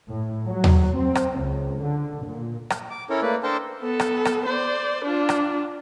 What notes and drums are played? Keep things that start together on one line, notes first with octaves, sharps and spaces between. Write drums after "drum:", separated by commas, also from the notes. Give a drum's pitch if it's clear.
A2
F#3
drum: tom D#2
C4
drum: rim click
C#2
D3
A#2
drum: rim click
D6
C#4 E4 A4 A#4 C#5
A3 A#3 B4 D5
D4 A4 A#4 C5 G5 A5
B3 A4
drum: rim click
drum: rim click
C5 D5
D4 F4
drum: rim click